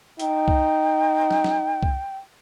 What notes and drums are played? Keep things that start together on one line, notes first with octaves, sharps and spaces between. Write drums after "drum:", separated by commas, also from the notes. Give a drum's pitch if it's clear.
D#4 G5, drum: hi-hat
drum: kick C2
drum: snare
drum: snare
drum: kick C2